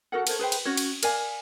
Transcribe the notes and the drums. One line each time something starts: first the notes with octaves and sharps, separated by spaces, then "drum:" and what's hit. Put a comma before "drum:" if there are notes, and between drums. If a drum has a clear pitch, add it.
F#4 A4 A#4 F#5
A4 A#4 C5 C#5, drum: cymbal
G#4 B4 C5 G5
drum: cymbal
C#4 F#4 C#5
drum: cymbal
A#4 D5 F5 G#5, drum: cymbal